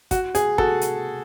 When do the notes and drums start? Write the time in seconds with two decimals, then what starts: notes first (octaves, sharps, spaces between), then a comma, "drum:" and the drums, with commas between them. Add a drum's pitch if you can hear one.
0.11 F#4, drum: kick, hi-hat
0.35 G#4, drum: hi-hat
0.58 F#4 A4, drum: kick
0.81 drum: hi-hat